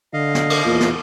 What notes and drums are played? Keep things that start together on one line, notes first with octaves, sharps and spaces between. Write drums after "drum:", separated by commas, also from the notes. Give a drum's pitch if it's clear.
D3 D#5 F5
drum: snare
drum: cymbal
E2 A#2
drum: snare